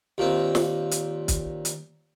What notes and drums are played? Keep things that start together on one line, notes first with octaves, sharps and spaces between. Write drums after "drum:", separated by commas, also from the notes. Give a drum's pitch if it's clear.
D#2 A#2 C4
drum: snare
drum: hi-hat
drum: kick, hi-hat
drum: hi-hat